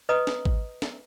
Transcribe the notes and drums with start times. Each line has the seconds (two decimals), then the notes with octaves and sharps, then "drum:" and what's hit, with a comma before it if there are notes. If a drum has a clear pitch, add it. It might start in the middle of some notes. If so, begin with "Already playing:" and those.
0.09 B4 D#5 A#5 D#6
0.27 drum: snare
0.45 drum: kick G#1
0.82 drum: snare